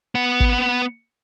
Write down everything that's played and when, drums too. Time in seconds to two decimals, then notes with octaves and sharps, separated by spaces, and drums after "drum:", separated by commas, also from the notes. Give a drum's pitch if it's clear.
0.15 B3 F#5
0.40 drum: kick